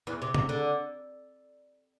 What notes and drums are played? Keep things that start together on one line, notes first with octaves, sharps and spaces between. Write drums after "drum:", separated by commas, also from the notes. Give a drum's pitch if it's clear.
E2 E3
C3
C3, drum: tom
D3